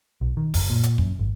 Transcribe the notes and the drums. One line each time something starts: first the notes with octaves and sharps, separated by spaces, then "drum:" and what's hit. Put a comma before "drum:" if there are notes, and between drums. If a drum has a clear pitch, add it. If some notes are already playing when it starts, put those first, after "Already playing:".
B1
D#3
F#1, drum: kick, open hi-hat
A#2
drum: hi-hat
F#2, drum: kick
G#1